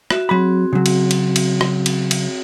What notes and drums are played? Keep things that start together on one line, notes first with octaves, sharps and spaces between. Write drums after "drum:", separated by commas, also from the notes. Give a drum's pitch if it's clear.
F#4 E5, drum: rim click
F#3 C4 F#4 G#4 B5
C#3 F#3
drum: cymbal
drum: cymbal
drum: cymbal
drum: rim click
drum: cymbal
drum: cymbal